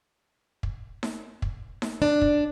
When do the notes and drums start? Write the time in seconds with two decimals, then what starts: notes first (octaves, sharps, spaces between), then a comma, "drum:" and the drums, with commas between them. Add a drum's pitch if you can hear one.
0.63 drum: kick
1.03 drum: snare D#4
1.42 drum: kick
1.82 drum: snare D#4
2.02 D4
2.21 drum: kick